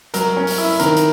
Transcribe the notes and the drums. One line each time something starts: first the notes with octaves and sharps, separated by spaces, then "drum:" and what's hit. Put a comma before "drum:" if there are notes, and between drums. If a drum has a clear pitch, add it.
F#3 A#4, drum: hi-hat
C#4
drum: open hi-hat
E4
D#3 A#4, drum: hi-hat
drum: hi-hat